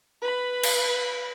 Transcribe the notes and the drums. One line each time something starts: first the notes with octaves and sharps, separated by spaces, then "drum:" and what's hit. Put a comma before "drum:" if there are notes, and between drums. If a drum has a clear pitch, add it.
B4 B5
drum: cymbal